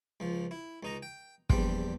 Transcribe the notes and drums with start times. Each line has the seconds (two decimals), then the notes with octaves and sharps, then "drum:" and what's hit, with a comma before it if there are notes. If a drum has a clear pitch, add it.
0.20 C#2 F3
0.51 E4
0.83 C#2 D#4 A#5
1.03 G5
1.50 A#1 E2 G3 D4 C5 G5, drum: kick